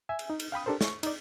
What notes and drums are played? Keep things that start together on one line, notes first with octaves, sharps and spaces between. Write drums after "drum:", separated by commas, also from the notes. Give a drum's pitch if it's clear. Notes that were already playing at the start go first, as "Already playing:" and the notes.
E5 G#5
drum: cymbal
D#4
drum: cymbal
F5 G5 B5 D#6
D4 G4 A4 A#4 C5
C#6, drum: snare
D#4 D5, drum: cymbal